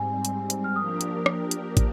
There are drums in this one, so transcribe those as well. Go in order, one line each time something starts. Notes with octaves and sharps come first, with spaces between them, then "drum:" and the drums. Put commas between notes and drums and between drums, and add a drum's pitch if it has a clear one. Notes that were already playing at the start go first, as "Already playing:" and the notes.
Already playing: G#2 G3 C4 G#5
drum: hi-hat
drum: hi-hat
F6
F3 A#3 D4 G4 A#4 D#6
drum: hi-hat
drum: rim click
drum: hi-hat
drum: kick, hi-hat